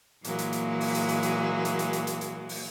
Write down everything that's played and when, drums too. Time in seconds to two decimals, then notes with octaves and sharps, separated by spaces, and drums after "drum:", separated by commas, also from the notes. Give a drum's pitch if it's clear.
0.24 A#2 E3 F#3 G#3 A#3, drum: hi-hat
0.39 drum: hi-hat
0.53 drum: hi-hat
0.81 drum: open hi-hat
0.95 drum: hi-hat
1.09 drum: hi-hat
1.23 drum: hi-hat
1.65 drum: hi-hat
1.79 drum: hi-hat
1.93 drum: hi-hat
2.07 drum: hi-hat
2.21 drum: hi-hat
2.49 drum: open hi-hat